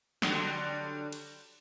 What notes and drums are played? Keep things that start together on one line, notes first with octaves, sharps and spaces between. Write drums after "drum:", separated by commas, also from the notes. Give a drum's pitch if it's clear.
D3 F#3 G3, drum: snare
drum: cymbal